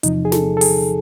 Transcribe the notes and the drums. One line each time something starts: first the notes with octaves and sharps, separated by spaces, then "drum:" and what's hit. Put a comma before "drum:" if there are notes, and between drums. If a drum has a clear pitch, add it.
E2 C3 F3 D#4, drum: hi-hat
G#4
A4, drum: snare
A4
G#4, drum: open hi-hat